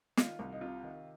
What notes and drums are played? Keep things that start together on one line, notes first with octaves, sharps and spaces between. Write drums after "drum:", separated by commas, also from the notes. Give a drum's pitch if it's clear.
D#3 F4, drum: snare
C2
D#4
C3 F4
D#3